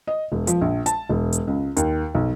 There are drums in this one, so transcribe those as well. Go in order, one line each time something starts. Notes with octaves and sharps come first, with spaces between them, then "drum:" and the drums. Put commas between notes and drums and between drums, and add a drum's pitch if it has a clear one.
D#5
E1
F3, drum: hi-hat
A#1
A5, drum: hi-hat
E1
drum: hi-hat
C#2
D#2, drum: hi-hat
B1